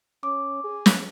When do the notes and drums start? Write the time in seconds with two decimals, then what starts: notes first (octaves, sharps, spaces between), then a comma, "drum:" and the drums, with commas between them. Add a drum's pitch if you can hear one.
0.23 C#4 D6
0.64 G#4
0.86 drum: snare